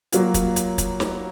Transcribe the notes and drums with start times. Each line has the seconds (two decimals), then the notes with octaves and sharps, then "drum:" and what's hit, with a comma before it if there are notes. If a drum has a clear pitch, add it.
0.12 F#3 A#3 F4, drum: hi-hat
0.34 drum: kick, hi-hat
0.56 drum: hi-hat
0.78 drum: kick, hi-hat
1.00 drum: snare